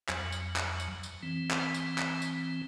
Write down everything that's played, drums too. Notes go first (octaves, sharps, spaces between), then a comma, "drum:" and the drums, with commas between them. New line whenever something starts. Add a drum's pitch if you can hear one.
F2 F#3, drum: clap
drum: tambourine
drum: clap
drum: tambourine
drum: tambourine
E3 C4
drum: clap
drum: tambourine
drum: clap
drum: tambourine